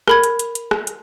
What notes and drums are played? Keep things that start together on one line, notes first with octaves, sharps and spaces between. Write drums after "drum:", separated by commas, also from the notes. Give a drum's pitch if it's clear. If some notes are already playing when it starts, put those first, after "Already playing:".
A#4 B5 G#6, drum: rim click
drum: hi-hat
drum: hi-hat
drum: hi-hat
drum: rim click
drum: hi-hat